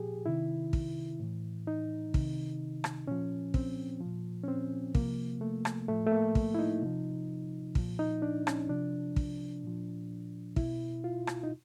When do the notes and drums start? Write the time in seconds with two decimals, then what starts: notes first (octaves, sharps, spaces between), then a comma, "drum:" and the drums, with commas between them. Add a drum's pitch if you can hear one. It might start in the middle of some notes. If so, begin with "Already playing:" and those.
Already playing: A#2 F3 G4 G#4
0.26 C3 D#3 E4
0.73 drum: kick
1.20 A2 E3
1.67 D#4
2.14 C3 D#3, drum: kick
2.84 drum: rim click
3.07 A#2 F3 C#4
3.54 C4, drum: kick
4.01 A#2 F3
4.44 C#4
4.48 C4
4.95 C3 F3 A#3, drum: kick
5.41 A3
5.65 drum: rim click
5.88 A2 F3 A3
6.06 A3
6.12 A#3
6.35 drum: kick
6.54 E4
6.59 D#4
6.82 C3 F3
7.75 A#2 F3, drum: kick
7.99 D#4
8.22 D4
8.47 C#4, drum: rim click
8.69 C3 F3 D4
9.16 drum: kick
9.64 A#2 F3
10.56 B2 E4, drum: kick
11.04 F4
11.27 drum: rim click
11.43 D#4